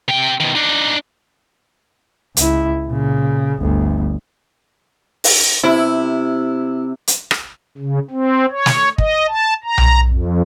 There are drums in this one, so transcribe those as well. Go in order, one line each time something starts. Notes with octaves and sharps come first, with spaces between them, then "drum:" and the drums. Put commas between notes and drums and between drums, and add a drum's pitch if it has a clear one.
C3 G5
B2 D#3
D4 D#4
C#2 E4, drum: hi-hat
A#2 C#3
G1 D2
drum: open hi-hat
C3 E4
drum: hi-hat
drum: rim click
C#3
C4
C#5
drum: snare
D#5, drum: kick
A5
A#5
drum: tom B1
F2